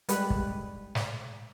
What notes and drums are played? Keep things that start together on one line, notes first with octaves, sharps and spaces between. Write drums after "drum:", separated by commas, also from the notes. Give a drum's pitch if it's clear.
G3 G#3 B4, drum: hi-hat
drum: kick
drum: snare